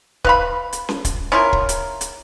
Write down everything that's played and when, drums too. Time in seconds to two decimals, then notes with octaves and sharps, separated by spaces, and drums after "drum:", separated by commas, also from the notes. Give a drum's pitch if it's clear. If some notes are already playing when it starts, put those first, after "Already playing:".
0.24 B4 F5 B5, drum: kick
0.73 drum: hi-hat
0.89 drum: snare C#4
1.05 drum: kick, hi-hat
1.32 C#4 E4 F4 A#4
1.53 drum: kick
1.69 drum: hi-hat
2.01 drum: hi-hat